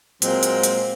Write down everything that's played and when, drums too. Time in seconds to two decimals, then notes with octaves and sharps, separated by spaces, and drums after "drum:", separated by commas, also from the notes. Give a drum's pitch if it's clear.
0.22 A#2 F#3 G#3 A#3 C4, drum: hi-hat
0.43 drum: hi-hat
0.63 drum: hi-hat